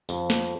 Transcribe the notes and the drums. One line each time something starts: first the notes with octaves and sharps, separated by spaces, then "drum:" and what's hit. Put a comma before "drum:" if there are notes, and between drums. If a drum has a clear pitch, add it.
F2, drum: tambourine
drum: snare